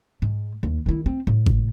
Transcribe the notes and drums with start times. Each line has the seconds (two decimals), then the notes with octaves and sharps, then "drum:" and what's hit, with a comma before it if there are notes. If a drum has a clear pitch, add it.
0.22 G#2
0.63 D#2
0.86 D#3 E4
1.06 C4
1.27 A2
1.46 drum: kick G#1